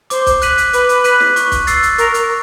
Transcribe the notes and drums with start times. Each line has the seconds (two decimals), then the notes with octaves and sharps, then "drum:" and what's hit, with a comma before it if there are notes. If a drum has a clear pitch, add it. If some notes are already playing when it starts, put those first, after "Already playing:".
0.10 C5 D6, drum: hi-hat
0.26 drum: kick, hi-hat
0.42 F#6 B6 D#7 F#7, drum: hi-hat
0.58 drum: hi-hat
0.73 B4 D6, drum: hi-hat
0.89 drum: hi-hat
1.04 F#6 B6 D#7 F#7, drum: hi-hat
1.20 drum: snare
1.36 C#6, drum: hi-hat
1.52 drum: kick, hi-hat
1.67 E6 A6 C7, drum: hi-hat
1.83 drum: hi-hat
1.98 A#4 C#6, drum: hi-hat
2.14 drum: hi-hat